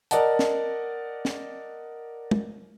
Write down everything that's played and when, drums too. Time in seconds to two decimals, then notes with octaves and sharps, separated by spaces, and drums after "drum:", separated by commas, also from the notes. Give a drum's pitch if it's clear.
0.11 A#4 D5 D#5 F#5 A5, drum: hi-hat
0.39 drum: snare
1.25 drum: snare
2.31 drum: tom